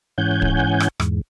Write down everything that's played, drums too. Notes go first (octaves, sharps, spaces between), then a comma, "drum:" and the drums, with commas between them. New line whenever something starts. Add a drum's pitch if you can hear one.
G#2 E3 C#4 F#5 G#5 G6
drum: kick
drum: rim click
E2 G#2, drum: rim click